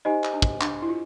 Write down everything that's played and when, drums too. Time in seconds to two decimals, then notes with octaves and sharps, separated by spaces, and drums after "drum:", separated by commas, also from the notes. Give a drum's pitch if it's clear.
0.05 D#4 G4 C5 D#5 G#5
0.24 drum: clap
0.33 D4
0.42 drum: kick
0.61 D4, drum: clap
0.82 E4
0.89 F4